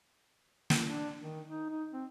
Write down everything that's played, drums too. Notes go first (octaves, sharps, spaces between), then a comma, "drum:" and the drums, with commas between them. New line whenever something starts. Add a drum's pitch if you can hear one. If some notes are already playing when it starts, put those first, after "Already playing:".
drum: snare
D4
D#3
D#4
D#4
C4